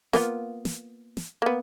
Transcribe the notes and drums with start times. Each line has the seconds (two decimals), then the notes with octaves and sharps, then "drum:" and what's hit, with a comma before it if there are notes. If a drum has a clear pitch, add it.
0.13 A#3 B3 F4, drum: snare
0.65 drum: snare
1.17 drum: snare
1.42 A#3 B3